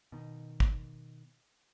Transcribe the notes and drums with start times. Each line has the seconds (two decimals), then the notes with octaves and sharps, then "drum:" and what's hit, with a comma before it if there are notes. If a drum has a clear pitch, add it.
0.12 B2 D#3
0.60 drum: kick